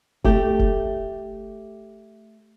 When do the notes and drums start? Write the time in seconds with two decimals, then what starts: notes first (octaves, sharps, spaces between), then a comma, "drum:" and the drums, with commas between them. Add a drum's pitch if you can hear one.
0.24 A3 G4, drum: kick
0.59 drum: kick